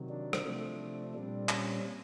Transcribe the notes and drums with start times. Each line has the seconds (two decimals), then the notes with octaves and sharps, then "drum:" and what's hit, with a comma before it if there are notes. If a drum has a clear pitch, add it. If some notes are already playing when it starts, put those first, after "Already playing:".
Already playing: C3 D#3 F#3
0.10 D4
0.33 drum: rim click
0.45 C3 F3 A3 C4
1.14 A#2 G3 C4 D4
1.49 C#4, drum: clap